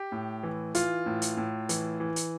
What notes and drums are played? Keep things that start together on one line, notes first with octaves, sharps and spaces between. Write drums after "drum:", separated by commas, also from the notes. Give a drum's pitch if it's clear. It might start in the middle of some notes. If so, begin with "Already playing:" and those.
Already playing: G4
A2
E3
E3 F4, drum: hi-hat
A2
drum: hi-hat
A2
E3, drum: hi-hat
E3
drum: hi-hat